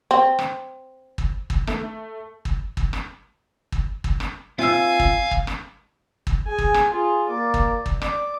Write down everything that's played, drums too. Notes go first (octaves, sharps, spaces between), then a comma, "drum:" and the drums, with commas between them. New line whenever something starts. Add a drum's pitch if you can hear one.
C4
drum: rim click
drum: kick
drum: kick
A3, drum: rim click
drum: kick
drum: kick
drum: rim click
drum: kick
drum: kick
drum: rim click
C4 F4 E5 F5 G#5 E6
drum: kick
drum: kick
drum: rim click
drum: kick
G#4 G#5
drum: kick
drum: rim click
F4 G#4
A#3 D5
drum: kick
drum: kick
D5 D6, drum: rim click